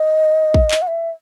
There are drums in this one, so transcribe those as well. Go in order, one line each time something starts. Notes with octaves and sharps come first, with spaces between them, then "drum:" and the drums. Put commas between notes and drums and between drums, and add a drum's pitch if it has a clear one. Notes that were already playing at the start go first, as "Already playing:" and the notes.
Already playing: D#5
drum: kick
drum: clap
F#5
E5